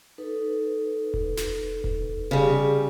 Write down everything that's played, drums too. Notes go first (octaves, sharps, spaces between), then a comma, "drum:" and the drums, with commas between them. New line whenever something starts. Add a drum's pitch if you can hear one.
D#4 A4 B4
drum: kick E1
drum: snare
drum: kick E1
C#3 G3 G4 G#4 D5